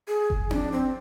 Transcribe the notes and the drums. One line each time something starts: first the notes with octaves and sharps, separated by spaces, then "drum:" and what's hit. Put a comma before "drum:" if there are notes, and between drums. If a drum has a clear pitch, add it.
G#4
drum: kick F#1
D4, drum: tom C4
C4